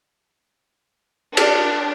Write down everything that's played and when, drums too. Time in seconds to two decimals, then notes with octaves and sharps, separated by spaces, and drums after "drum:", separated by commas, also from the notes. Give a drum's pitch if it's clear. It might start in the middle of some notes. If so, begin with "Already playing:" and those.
1.37 D4, drum: cymbal